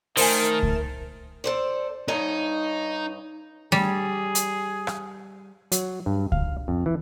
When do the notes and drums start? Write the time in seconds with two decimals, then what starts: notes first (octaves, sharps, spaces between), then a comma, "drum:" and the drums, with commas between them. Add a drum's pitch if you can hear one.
0.17 D#3 A3 A#4 C5 G#5 A5 A6, drum: open hi-hat
0.63 drum: kick C#2
1.44 A4 C5 D5
2.08 G2 D#4 C#5 D#5
3.72 G3 G#4, drum: snare A3
4.35 drum: hi-hat
4.87 drum: rim click
5.72 F#3, drum: hi-hat
6.06 G2
6.32 F5, drum: kick C#2
6.68 F2
6.86 E3